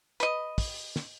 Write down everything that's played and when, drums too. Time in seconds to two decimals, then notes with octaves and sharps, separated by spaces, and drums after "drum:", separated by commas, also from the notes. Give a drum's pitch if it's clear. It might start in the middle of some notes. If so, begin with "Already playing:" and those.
0.20 B4 D#5, drum: hi-hat
0.58 drum: kick, open hi-hat
0.96 drum: snare